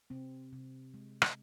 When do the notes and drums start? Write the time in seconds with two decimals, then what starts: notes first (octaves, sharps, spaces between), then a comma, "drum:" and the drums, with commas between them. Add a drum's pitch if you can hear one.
0.10 C3 C4
0.53 C3
0.94 G#3
1.22 drum: rim click